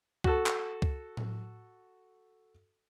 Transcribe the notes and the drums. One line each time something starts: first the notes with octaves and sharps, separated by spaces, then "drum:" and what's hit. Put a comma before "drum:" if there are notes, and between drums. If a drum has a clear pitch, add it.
F#4 A4, drum: kick C#2
drum: clap
drum: kick C#2
drum: tom A2